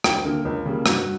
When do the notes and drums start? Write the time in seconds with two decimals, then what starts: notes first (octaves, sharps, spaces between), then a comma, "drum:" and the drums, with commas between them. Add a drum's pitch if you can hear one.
0.04 D2 G5, drum: rim click
0.25 D3 A#3 A#4
0.45 C#2
0.66 C#3 G3 A#3
0.86 G2 F#4, drum: rim click